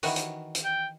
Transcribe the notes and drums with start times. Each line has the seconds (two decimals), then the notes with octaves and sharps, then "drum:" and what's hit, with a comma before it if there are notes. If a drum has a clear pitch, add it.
0.03 D#3 E3 F#4, drum: open hi-hat
0.16 drum: hi-hat
0.55 drum: hi-hat
0.64 G5